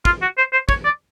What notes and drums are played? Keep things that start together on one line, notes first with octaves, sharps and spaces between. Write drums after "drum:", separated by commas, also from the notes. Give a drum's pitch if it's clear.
F4, drum: kick
F#4
C5
C5
C#5, drum: kick
D5